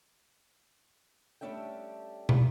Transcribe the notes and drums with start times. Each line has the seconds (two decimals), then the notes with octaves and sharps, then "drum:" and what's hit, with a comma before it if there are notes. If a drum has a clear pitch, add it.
1.41 G3 A3 C#4 D4 E5 G5
2.29 drum: tom